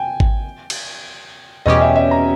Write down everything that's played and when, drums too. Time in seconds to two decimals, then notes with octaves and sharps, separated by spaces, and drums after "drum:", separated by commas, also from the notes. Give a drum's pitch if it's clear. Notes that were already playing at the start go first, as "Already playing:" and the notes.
Already playing: G5 G#5
0.20 drum: kick G#1
0.70 drum: cymbal
1.66 E2 B2 G3 C#4 G4 D#5
1.81 E5
1.96 E5
2.11 A#5